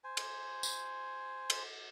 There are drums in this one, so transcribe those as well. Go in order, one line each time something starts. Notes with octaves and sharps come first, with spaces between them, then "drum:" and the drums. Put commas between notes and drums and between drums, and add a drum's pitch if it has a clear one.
C5 G#5
drum: cymbal
drum: tambourine
drum: cymbal